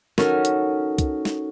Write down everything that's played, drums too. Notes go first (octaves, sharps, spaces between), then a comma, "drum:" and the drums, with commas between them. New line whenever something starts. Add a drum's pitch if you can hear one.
C#4 D#4 F#4 A4 A#4, drum: snare
drum: hi-hat
drum: kick, hi-hat
drum: snare